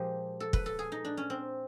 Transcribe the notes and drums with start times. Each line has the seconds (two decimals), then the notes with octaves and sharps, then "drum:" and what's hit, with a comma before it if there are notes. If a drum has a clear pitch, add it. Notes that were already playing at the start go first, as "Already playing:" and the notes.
Already playing: A#2 F3 G#3 G4
0.40 A4
0.53 B4, drum: kick
0.66 A4
0.79 G#4
0.92 D#4
1.05 D4
1.17 C#4
1.30 C4